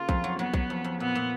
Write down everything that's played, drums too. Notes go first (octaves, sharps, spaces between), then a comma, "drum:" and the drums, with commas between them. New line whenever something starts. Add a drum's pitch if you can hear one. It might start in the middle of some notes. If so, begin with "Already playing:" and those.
Already playing: C#3 A#3 F4
F2, drum: kick B1
F#3
F#3 B3
F#3, drum: kick B1
F2
F2
A#2 B3
A#2